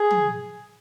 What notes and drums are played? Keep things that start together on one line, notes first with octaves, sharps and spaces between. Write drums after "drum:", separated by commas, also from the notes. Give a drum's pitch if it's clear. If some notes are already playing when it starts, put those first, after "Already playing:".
Already playing: G#4
drum: tom